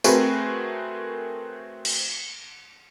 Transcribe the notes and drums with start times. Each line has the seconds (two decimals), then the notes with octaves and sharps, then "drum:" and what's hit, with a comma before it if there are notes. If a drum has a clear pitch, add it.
0.04 A3 C4 F#4 G#4 A#4 B4, drum: tambourine
1.85 drum: cymbal